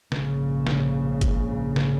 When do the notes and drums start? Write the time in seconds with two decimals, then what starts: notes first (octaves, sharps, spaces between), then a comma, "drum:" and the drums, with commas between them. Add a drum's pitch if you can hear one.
0.12 A#1 G#2 C#3, drum: snare
0.67 drum: snare
1.21 drum: kick, hi-hat
1.76 drum: snare